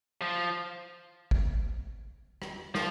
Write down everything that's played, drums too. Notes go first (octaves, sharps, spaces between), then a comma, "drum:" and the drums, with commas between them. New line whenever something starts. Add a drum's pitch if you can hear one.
F3
drum: kick G#1
drum: rim click
F3, drum: snare